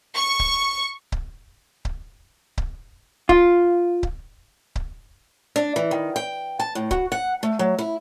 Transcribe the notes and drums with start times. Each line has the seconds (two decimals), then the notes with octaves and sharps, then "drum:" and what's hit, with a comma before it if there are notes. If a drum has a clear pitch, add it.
0.17 C#6
0.40 drum: kick C#1
1.12 drum: kick C#1
1.85 drum: kick C#1
2.58 drum: kick C#1
3.29 F4, drum: kick C#1
4.03 drum: kick C#1
4.76 drum: kick C#1
5.56 D4
5.76 E3
5.91 D#3
6.16 G5
6.60 A5
6.75 A2
6.91 F#4, drum: kick C#1
7.12 F#5
7.43 A3
7.59 F#3
7.79 E4